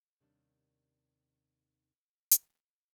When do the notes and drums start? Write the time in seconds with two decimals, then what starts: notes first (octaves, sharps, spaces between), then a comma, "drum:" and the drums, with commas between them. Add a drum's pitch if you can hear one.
0.20 D#2 C3 D#3 G3 C#4 D4
2.31 drum: hi-hat